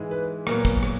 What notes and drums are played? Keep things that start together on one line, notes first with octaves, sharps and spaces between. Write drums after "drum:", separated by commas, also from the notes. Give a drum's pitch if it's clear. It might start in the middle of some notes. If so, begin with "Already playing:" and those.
Already playing: G#2 E3 G#3
B4
A#2 F#3 B3 A#4, drum: rim click
drum: kick, tambourine
drum: rim click